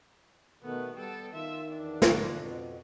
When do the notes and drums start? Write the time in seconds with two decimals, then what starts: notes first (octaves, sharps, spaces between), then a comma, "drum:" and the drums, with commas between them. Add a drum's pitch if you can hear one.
0.63 B2 D#3 A3 B3
0.96 G3 B3 A4 G5
1.34 D#3 F4 E5
1.73 E2 D4
2.02 drum: snare
2.36 F2 B2